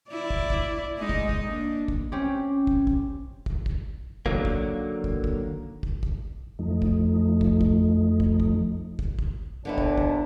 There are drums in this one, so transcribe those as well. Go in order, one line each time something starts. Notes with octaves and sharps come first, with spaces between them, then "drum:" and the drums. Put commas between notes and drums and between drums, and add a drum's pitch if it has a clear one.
E4 D5
drum: kick
drum: kick
G#3 D#4 D#5
drum: kick
drum: kick
A#3 D4
drum: kick
C4 C#4 G4
drum: kick
drum: kick
drum: kick
drum: kick
D3 D#3 F#3 A#3, drum: kick
drum: kick
drum: kick
drum: kick
drum: kick
drum: kick
F2 F3 A3 D#4
drum: kick
drum: kick
drum: kick
drum: kick
drum: kick
drum: kick
drum: kick
D#2 B2 D3 B3 D4 E4
drum: kick
drum: kick